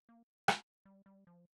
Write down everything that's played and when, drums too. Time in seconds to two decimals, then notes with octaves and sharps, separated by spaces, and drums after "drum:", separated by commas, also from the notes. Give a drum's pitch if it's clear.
0.09 A#3
0.48 drum: rim click
0.85 G3
1.06 G3
1.27 F3